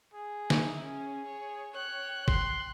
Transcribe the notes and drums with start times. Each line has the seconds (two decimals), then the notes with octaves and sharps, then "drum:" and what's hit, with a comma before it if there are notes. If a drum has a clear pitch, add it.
0.14 G#4
0.50 D#4 E4, drum: snare
0.81 C#4 G#4
1.25 C#5
1.74 C#5 G5 F#6
2.28 C6, drum: kick G#1